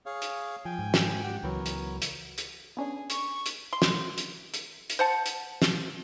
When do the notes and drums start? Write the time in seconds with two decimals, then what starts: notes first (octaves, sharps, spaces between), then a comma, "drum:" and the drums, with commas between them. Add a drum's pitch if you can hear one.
0.06 G#4 C#5 F5
0.22 drum: hi-hat
0.65 F3 G5 G#5
0.79 G#2
0.94 drum: snare
1.23 G4 F#5 G5
1.43 C#2 E3 F#3 B3 A#4 C#5
1.66 drum: hi-hat
2.02 drum: hi-hat
2.38 drum: hi-hat
2.77 B3 C#4 D4 G#4
3.10 C#6, drum: hi-hat
3.46 drum: hi-hat
3.73 C6
3.82 drum: snare
4.18 drum: hi-hat
4.54 drum: hi-hat
4.90 drum: hi-hat
4.99 C5 F#5 A5
5.26 drum: hi-hat
5.62 drum: snare